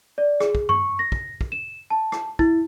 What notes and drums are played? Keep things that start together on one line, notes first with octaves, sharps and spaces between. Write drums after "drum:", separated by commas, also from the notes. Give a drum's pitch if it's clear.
D5
G#4, drum: rim click
drum: kick
C#6, drum: tom G2
A#6
drum: kick
drum: kick
E7
A5
drum: rim click
E4, drum: kick